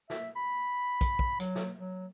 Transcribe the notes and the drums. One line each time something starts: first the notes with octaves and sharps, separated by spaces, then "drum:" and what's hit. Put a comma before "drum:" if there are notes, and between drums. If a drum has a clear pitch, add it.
E5, drum: snare
B5
drum: kick, hi-hat
drum: kick
F#3, drum: hi-hat
drum: snare
F#3